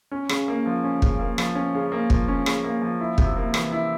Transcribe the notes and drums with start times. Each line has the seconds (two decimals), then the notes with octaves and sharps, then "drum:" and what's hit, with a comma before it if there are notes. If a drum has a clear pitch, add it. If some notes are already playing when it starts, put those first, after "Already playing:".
0.11 C#4
0.29 C#3, drum: rim click
0.48 A#3
0.66 F3
0.84 C#4
1.02 C#3, drum: kick
1.20 A#3
1.38 F3, drum: rim click
1.55 C#4
1.75 C#3
1.92 A#3
2.10 F3, drum: kick
2.28 C#4
2.46 C#3, drum: rim click
2.64 A#3
2.82 F3
3.00 E4
3.18 C3, drum: kick
3.36 A#3
3.54 E3, drum: rim click
3.72 E4